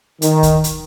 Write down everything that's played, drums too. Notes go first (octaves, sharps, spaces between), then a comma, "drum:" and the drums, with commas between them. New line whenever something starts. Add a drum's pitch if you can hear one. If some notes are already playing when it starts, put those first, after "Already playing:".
D#3, drum: hi-hat
drum: kick C#2, hi-hat
drum: hi-hat